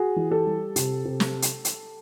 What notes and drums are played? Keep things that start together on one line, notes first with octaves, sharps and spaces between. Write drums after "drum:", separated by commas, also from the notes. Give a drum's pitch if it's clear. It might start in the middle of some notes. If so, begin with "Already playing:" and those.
Already playing: F#4 G#4
E3
G4 A4
G3
C3, drum: hi-hat
C3
drum: snare
drum: hi-hat
drum: hi-hat